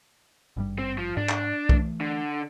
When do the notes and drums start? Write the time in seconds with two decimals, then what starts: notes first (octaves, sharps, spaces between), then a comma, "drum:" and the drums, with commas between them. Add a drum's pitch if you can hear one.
0.57 G#1 G2 G3
0.79 C4
0.98 F3
1.17 G#2 D4
1.29 drum: clap
1.69 E3 A3, drum: kick
2.01 D3